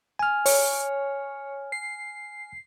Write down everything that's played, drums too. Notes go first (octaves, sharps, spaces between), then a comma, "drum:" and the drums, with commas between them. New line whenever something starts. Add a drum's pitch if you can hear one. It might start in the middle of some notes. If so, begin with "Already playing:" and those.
G#5 F6
C#5, drum: open hi-hat
C7